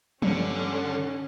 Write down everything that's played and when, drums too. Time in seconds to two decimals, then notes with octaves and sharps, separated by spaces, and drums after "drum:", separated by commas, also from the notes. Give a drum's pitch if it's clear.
0.22 G2 D3 C#4, drum: tom E3